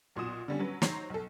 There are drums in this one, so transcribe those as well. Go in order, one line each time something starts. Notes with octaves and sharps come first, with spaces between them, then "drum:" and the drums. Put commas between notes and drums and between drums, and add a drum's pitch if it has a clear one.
B1 A#2 F#4 C6 D#6 E7
D3 G3 C#4
F#3 C#4 B4
F#3 D#4 C5 C#5 A#5 C7, drum: snare
B1 A4